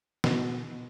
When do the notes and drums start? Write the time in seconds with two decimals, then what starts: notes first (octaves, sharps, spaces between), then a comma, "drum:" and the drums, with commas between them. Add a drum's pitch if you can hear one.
0.24 B2, drum: snare